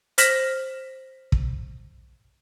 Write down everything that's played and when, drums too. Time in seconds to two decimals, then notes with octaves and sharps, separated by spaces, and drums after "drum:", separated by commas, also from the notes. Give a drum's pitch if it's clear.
0.18 C5 F6 A#6 B6 E7 F#7, drum: hi-hat
1.32 drum: kick